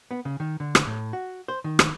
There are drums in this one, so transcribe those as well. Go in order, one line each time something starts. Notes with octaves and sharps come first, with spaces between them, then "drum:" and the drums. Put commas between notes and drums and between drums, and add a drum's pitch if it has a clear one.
B3
C#3
D#3
D3
drum: rim click
A2
F#4
C5
D#3
drum: rim click